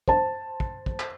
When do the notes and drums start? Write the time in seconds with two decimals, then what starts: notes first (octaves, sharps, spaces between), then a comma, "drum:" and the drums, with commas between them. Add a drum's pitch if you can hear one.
0.08 C5 A5, drum: kick
0.60 drum: kick
0.86 drum: kick
0.99 drum: clap